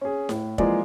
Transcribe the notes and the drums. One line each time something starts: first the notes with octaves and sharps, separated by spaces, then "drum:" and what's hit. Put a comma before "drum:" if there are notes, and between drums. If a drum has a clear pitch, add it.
C#4 G#4
A2, drum: snare E4
E3 F3 G#3 A#3 G#4 D5, drum: kick